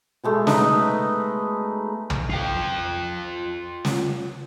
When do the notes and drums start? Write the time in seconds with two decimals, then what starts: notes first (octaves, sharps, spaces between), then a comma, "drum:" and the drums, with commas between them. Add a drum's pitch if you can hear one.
0.24 B2 G#3 A3
0.47 D#4 B4 D#5, drum: snare
2.10 drum: tom
2.30 F4 G5
3.85 drum: snare